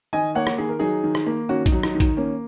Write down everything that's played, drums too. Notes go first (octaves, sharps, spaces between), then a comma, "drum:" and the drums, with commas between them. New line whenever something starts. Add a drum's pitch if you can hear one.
D#3 D#5 G#5
A#3 C#5 F#5
drum: rim click
D#3 G#4
A#4
F#3 D#4 G#4
D#3
drum: rim click
A#3
D#3 C#4 F#4
D#4, drum: kick, hi-hat
F#3
D#4, drum: rim click
D#3
D#4, drum: kick, hi-hat
A#3 C#4